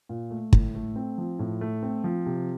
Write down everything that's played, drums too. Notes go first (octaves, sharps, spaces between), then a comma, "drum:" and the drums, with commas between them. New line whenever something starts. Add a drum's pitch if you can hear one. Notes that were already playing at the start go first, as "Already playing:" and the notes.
A#2
A3
A2, drum: kick
A3
C4
F3
A2
A3
C4
F3
C3